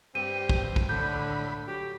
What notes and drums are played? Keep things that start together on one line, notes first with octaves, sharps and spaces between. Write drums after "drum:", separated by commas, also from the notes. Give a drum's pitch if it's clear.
G2 C4 G4 D#7
drum: kick
drum: kick
A2 D3 B5 G6
F#3 G4